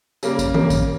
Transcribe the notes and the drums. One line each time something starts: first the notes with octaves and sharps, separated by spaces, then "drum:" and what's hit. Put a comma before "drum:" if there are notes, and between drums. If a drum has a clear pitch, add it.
C#3 G3 A#3, drum: tambourine
drum: kick, tambourine
C#3 G3 A#3, drum: tom D#3
drum: kick, tambourine